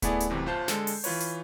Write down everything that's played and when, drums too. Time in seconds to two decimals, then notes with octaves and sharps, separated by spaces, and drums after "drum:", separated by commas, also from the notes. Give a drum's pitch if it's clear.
0.02 A3 B3 E4 G#4 D5 G#5, drum: kick D1, hi-hat
0.20 drum: hi-hat
0.30 F#2 A2 C3 E3
0.46 G1 F4 C5 A5 G6 C7
0.68 D3 G#3 A4, drum: snare
0.87 drum: open hi-hat
1.04 E3 F4 B4 C#5, drum: open hi-hat
1.20 drum: hi-hat